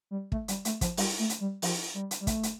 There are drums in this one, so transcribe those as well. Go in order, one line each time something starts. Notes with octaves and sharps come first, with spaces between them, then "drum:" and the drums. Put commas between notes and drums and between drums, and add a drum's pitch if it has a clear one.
G3
A3, drum: kick
G3, drum: hi-hat
A3, drum: hi-hat
F3, drum: kick, hi-hat
G3, drum: open hi-hat
A3
drum: hi-hat
G3
F3, drum: open hi-hat
G3
drum: hi-hat
G3
A3, drum: kick, hi-hat
drum: hi-hat